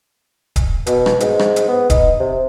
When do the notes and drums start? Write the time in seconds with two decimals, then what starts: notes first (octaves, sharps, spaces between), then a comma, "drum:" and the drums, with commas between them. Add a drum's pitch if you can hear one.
0.56 drum: kick D1, hi-hat
0.87 B2, drum: hi-hat
1.06 drum: rim click
1.20 G#2, drum: hi-hat
1.39 drum: rim click
1.56 drum: hi-hat
1.68 B3
1.90 D#4, drum: kick D1, hi-hat
2.20 C3